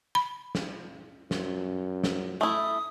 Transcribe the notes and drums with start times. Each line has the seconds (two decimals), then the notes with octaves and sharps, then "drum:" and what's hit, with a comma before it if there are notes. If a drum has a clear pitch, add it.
0.15 B5
0.55 drum: snare
1.31 F#2, drum: snare
2.04 drum: snare
2.41 A3 E4 D#6